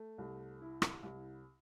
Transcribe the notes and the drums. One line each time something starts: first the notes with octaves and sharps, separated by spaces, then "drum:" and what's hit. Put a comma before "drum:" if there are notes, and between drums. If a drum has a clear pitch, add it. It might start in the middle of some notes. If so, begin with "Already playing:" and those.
Already playing: A3
C2
E4
drum: rim click
C2